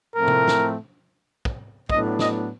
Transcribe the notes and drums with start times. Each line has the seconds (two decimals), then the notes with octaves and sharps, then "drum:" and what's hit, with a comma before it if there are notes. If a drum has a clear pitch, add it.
0.16 A2 F3 A3 C4 A#4
0.28 drum: tom
0.48 drum: snare
1.45 drum: kick
1.90 A2 F#3 B3 D4 D#5, drum: kick
2.19 D#5, drum: snare